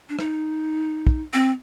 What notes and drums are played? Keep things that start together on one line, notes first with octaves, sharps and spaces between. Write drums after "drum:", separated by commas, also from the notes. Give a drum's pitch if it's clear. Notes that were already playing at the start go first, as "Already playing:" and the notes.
D4
D#4, drum: rim click
drum: kick
C4